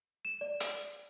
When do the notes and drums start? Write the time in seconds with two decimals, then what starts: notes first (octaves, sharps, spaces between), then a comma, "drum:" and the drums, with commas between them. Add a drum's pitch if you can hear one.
0.25 E7
0.41 D5
0.60 drum: hi-hat